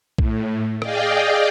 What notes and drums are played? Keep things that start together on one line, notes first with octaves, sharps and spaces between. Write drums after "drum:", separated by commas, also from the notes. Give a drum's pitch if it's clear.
A2, drum: kick A#1
G#4 D5 D#5 F5 G5, drum: rim click